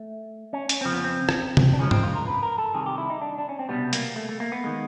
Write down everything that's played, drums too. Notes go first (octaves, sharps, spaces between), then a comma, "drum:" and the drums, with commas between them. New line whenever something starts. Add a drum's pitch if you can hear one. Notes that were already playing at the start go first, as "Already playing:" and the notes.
Already playing: A3
C#4
C#4, drum: hi-hat
F2 C#3 F3 C4
B3
C4
drum: rim click
drum: tom
D4
C#2 C#3 F3 G#3 C#4
C4, drum: tom
F4
A#4
B4
A#4
A4
C2 C3 D#3 G#4
G4
E4
D#4
D4
D4
C#4
C4
C2 B2 G3 B3
A#3, drum: hi-hat
A3
A3
A#3
B3
D#3 G#3